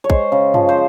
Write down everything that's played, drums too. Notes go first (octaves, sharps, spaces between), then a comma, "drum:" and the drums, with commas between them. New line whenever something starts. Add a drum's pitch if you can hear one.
C#5
G#3 C5, drum: kick
C#3
F3, drum: tom
C5